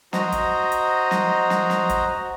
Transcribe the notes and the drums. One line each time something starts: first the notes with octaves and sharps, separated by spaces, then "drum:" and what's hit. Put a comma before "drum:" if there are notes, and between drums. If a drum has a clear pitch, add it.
F#4 C5 D#5 A#5, drum: snare
drum: kick, hi-hat
drum: hi-hat
drum: snare
drum: snare
drum: snare
drum: kick, hi-hat